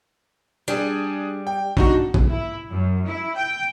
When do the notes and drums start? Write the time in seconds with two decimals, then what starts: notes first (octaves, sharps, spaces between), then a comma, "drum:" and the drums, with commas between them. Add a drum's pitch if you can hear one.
0.68 G3 D4 G#4
1.47 G5
1.77 D4 D#4 F#4, drum: kick
2.14 drum: kick
2.28 E4
2.70 F#2
3.05 E4
3.36 G5